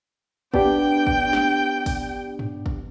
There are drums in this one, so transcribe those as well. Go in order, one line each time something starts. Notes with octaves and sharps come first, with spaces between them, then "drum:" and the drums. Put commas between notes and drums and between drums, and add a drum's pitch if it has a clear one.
B3 D4 G4 G5, drum: kick
drum: kick
drum: snare
drum: kick, open hi-hat
drum: tom G2
drum: kick